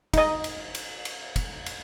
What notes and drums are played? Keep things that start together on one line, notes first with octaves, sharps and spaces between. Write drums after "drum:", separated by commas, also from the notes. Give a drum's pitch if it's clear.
D#4 D#5, drum: kick, cymbal
drum: cymbal
drum: cymbal
drum: cymbal
drum: kick, cymbal
drum: cymbal